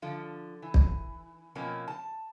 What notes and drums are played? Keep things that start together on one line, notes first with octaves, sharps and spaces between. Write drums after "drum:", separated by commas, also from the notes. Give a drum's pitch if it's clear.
D3 F3
E3
drum: kick
B2 F3 A#3 C4 C#4
A5